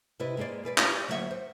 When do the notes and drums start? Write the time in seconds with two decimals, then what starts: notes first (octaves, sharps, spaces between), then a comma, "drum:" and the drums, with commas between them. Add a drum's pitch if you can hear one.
0.19 C3 E4 G4 B4 D5 D#5
0.37 G#3 A#3 G#4 C5 D5
0.64 B2 G#4 B4 D5
0.78 E4 F4 G4 D5, drum: clap
1.08 D2 F#3 A#3 B3 E5 F#5
1.31 C5